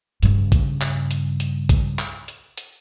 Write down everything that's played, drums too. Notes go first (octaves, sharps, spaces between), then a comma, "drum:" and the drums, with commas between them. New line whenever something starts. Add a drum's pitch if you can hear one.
G2 C#3, drum: hi-hat
drum: kick A#1, hi-hat
drum: clap
drum: hi-hat
drum: hi-hat
drum: kick A#1, hi-hat
drum: clap
drum: hi-hat
drum: hi-hat